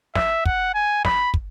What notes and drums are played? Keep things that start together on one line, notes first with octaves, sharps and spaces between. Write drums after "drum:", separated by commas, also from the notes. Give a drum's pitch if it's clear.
E5, drum: snare
F#5, drum: kick
G#5
B5, drum: snare
drum: kick